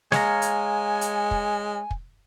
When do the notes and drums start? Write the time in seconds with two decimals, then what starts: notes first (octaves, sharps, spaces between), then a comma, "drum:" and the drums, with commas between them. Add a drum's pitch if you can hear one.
0.12 G#3 C#5 F5 G#5 A#5, drum: snare
0.42 drum: hi-hat
1.01 drum: hi-hat
1.31 drum: kick
1.91 drum: kick